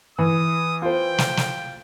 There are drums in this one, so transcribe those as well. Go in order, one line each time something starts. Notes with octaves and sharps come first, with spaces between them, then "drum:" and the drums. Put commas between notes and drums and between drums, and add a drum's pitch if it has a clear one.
E3 D#6
F4 C5 G5
drum: snare
drum: snare